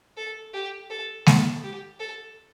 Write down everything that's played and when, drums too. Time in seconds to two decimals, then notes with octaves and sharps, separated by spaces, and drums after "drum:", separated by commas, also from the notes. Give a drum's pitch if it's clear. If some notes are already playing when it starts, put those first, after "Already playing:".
0.17 A4
0.53 G4
0.90 A4
1.26 A4, drum: snare G#3
1.63 G4
1.99 A4